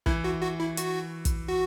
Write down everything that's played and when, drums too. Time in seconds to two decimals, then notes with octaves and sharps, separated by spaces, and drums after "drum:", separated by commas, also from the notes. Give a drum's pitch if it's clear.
0.06 E3 E4, drum: kick
0.24 F#4
0.42 F#4
0.60 E4
0.77 F#4, drum: hi-hat
1.25 drum: kick, hi-hat
1.48 F#4